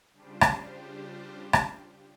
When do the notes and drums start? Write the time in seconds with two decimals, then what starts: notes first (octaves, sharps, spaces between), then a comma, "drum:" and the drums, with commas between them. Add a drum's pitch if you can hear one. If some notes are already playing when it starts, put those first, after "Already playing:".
0.13 C#3 G3 D4 F4 G4 C5
0.41 drum: rim click
1.53 drum: rim click